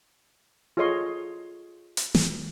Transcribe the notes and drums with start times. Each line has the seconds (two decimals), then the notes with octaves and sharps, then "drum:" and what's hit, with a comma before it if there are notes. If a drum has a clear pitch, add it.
0.77 F4 G#4 A4 C#5 D#5 C6
1.97 drum: hi-hat
2.15 drum: snare